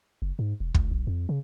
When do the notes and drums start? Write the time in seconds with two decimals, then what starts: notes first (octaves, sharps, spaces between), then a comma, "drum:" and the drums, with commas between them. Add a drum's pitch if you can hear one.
0.22 F#1
0.39 G#2
0.60 E1
0.74 C#2, drum: kick
0.91 B1
1.07 F2
1.29 C#3